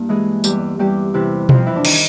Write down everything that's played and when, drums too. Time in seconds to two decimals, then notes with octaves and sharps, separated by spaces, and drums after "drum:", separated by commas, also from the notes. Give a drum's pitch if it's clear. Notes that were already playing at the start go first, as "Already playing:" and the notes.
Already playing: G2 A#3 E4
0.09 E3 G#3 G#4
0.44 E2 G3 G4, drum: tambourine
0.79 E2 G3 G4
1.14 C3 E3 E4
1.49 F2 F3 F4, drum: tom B2
1.66 E3 E4
1.76 D4
1.85 D#3 D#4, drum: cymbal